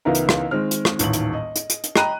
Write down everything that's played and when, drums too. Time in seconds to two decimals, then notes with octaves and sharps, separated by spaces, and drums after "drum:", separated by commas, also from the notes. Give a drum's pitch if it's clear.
0.05 C#2 E3 B3 D#4 E4 A#4
0.15 drum: hi-hat
0.29 drum: rim click
0.51 D#3 G#3 C4 F6
0.71 drum: hi-hat
0.85 drum: rim click
0.99 D#1 A1 D#3 F#7, drum: hi-hat
1.13 drum: hi-hat
1.34 D#5
1.56 drum: hi-hat
1.70 drum: hi-hat
1.84 drum: hi-hat
1.96 D#5 G5 A#5 B5 F#6 D#7, drum: rim click